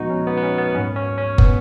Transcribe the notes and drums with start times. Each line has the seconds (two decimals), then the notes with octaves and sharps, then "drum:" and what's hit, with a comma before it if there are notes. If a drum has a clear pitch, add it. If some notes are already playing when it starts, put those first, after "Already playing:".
Already playing: A#2 F3 G#3 B3 D#4 F#4
0.10 C#4
0.27 B3
0.37 B3
0.43 C#4
0.58 B3
0.75 G#2 F#3 A#3 C#4
0.96 C#4
1.18 C#4
1.38 B3, drum: kick